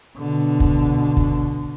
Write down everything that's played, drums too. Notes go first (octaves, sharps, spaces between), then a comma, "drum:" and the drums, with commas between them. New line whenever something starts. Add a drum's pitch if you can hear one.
B2 D3
drum: kick
drum: kick